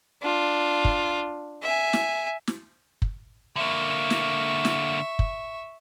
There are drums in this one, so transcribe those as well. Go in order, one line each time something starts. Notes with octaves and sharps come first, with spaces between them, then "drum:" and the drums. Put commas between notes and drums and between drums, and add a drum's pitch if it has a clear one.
D4 F4
drum: kick
E5 G#5
drum: snare
drum: snare
drum: kick
D3 A#3 E5 C#6
drum: snare
drum: snare
drum: kick